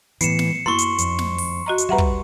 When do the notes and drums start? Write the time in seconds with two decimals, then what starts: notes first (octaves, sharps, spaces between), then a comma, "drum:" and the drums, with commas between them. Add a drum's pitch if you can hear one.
0.21 A2 E3 B3 C7 C#7 E7, drum: hi-hat
0.39 drum: snare
0.66 F#2 A#3 E4 C6 C#6
0.79 drum: hi-hat
0.99 F2, drum: hi-hat
1.19 drum: snare
1.38 drum: open hi-hat
1.66 F#4 D#5 A#5
1.78 drum: hi-hat
1.89 G3 B4 E5 F#5 A#5
1.98 drum: kick